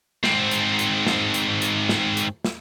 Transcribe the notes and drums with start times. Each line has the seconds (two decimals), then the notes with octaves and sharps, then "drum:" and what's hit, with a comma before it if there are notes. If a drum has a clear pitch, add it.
0.24 G#2 C4, drum: snare
0.51 drum: hi-hat
0.79 drum: hi-hat
1.07 drum: snare
1.34 drum: hi-hat
1.62 drum: hi-hat
1.89 drum: snare
2.17 drum: hi-hat
2.45 drum: snare